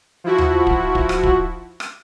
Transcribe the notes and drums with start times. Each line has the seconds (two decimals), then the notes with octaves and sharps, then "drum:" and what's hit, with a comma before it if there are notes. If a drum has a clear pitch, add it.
0.24 F3 E4 F#4
0.38 drum: tom D#2
0.67 drum: kick
0.95 drum: kick
1.09 drum: rim click
1.23 drum: kick
1.80 drum: rim click